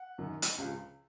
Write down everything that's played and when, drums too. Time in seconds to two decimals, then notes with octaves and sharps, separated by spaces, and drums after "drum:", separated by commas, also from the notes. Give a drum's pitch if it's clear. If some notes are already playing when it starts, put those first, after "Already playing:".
Already playing: F#5
0.18 F#2 D#3 F#3
0.42 drum: hi-hat
0.58 C#2 C#3 F3